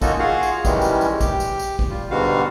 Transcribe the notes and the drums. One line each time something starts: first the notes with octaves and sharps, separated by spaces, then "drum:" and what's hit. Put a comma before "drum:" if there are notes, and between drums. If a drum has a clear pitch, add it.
A#3 C#4 D#4 F4 F#4 A4, drum: kick, tambourine
F4 F#4 G#4 F5 F#5
drum: tambourine
D#3 E3 G3 G#3 C#4, drum: kick, tambourine
drum: tambourine
drum: tambourine
G4, drum: kick, tambourine
drum: tambourine
drum: tambourine
drum: kick
G3 F4
G#2 B2 D3 G3 F#4 F5